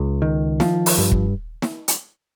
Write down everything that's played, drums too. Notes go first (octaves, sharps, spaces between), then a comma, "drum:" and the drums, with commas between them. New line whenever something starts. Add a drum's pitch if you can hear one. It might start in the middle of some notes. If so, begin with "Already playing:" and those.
Already playing: C#2
D#3
F3, drum: snare
drum: open hi-hat
G2
drum: kick
drum: snare
drum: hi-hat